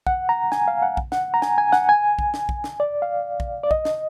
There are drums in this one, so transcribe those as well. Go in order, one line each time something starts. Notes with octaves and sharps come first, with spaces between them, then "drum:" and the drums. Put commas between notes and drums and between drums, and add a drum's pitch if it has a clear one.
F#5, drum: kick
A#5
G#5, drum: snare
F5
F#5
drum: kick
F#5, drum: snare
A#5
G#5, drum: snare
G#5
F#5, drum: snare
G#5
drum: kick
drum: snare
drum: kick
drum: snare
D5
F5
drum: kick
D5
D#5, drum: kick
drum: snare